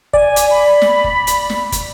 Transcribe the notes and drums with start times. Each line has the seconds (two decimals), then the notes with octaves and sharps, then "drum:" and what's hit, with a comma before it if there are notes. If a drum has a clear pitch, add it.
0.13 D5 G#5, drum: kick
0.36 drum: hi-hat
0.50 B5
0.82 drum: snare
1.04 drum: kick
1.27 drum: hi-hat
1.50 drum: snare
1.72 drum: kick, hi-hat